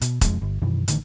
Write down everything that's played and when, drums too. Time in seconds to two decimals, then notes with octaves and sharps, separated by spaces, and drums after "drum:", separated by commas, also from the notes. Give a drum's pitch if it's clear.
0.01 B2, drum: hi-hat
0.21 F1 F2 G#2 G#3, drum: kick E1, hi-hat
0.42 G1
0.62 F#2 B2 D#3 E3
0.88 A1 D3 D#3 A3, drum: hi-hat